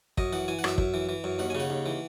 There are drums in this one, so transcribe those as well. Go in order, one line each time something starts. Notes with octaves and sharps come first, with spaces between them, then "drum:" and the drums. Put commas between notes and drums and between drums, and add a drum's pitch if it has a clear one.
F#2 D#5, drum: kick
E3 F#5
E3 G#5
F#5
F#2 E5, drum: rim click
F#2, drum: kick
E3
E3
F#2
D#2 F#5
C#3 G#5
F#5
D#2
E3